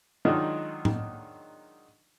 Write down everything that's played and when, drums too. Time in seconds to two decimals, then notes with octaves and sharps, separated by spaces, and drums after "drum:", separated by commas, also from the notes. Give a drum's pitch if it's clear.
0.25 D#3 F#3 G#3 D4 D#4 F4
0.85 drum: tom